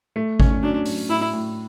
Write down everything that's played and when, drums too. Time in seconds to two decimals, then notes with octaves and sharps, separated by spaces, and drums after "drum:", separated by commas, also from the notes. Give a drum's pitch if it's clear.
0.16 A3
0.40 C#4, drum: kick G#1
0.63 F#3 D4
0.85 F#3, drum: open hi-hat
1.09 A2 E4
1.33 A2